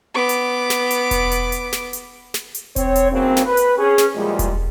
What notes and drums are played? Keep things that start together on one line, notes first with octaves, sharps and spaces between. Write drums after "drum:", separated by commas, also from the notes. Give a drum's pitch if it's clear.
B3 D6
drum: hi-hat
drum: snare
drum: hi-hat
drum: kick E1, hi-hat
drum: hi-hat
drum: hi-hat
drum: snare
drum: hi-hat
drum: snare
drum: hi-hat
C4 C#5, drum: kick E1, hi-hat
drum: hi-hat
B1 C#3 F#3 A#3 C4
drum: snare
B4
drum: hi-hat
C#4 G#4
drum: snare
E2 A#2 F3 G3 G#3
drum: kick E1, hi-hat